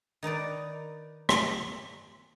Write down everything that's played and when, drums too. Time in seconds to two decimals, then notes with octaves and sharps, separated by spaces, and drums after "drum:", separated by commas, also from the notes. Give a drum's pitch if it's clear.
0.23 D#3 D#4 B4 D5
1.29 drum: rim click